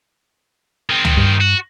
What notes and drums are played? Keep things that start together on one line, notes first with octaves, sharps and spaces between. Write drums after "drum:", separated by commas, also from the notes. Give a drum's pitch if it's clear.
D#3 C4
drum: tom
G2
F#4